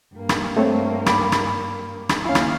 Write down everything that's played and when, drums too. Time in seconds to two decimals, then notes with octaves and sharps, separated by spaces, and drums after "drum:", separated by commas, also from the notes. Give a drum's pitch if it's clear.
0.15 G2 A#3
0.29 drum: rim click
0.57 A3 C4 C#5
1.06 B5 D6, drum: rim click
1.32 drum: rim click
2.09 drum: rim click
2.25 D#2 C#4 E4 F5
2.35 drum: rim click